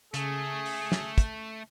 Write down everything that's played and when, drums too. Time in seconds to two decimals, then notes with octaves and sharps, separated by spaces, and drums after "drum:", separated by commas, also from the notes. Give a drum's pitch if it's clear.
0.14 C#3 A3 G#4, drum: hi-hat
0.66 drum: open hi-hat
0.92 drum: snare
1.18 drum: kick, hi-hat